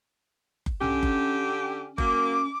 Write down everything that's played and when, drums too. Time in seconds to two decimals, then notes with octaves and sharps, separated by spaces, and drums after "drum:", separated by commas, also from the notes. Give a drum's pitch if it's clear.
0.66 drum: kick F#1
0.81 D3 C#4 G4, drum: tom B1
1.03 drum: kick F#1
1.98 F#3 A#3 D6, drum: kick F#1